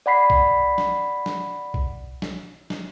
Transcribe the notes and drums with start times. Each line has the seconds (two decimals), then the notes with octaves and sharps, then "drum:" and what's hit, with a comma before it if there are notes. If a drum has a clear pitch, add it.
0.06 D5 F#5 B5 B6 C7
0.30 drum: kick B1
0.78 drum: snare
1.26 drum: snare
1.74 drum: kick B1
2.22 drum: snare
2.70 drum: snare